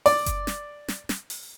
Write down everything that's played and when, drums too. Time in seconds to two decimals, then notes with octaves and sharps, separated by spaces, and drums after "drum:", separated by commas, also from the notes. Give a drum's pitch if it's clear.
0.06 D5, drum: open hi-hat
0.26 drum: kick F#1, hi-hat
0.47 drum: snare
0.88 drum: snare
1.09 drum: snare
1.30 drum: open hi-hat